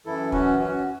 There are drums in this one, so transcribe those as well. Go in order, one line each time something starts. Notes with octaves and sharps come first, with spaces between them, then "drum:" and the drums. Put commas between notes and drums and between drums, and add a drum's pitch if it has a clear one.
F#2 E3 E4 A4
C#4 F#4, drum: kick
C#4 F#4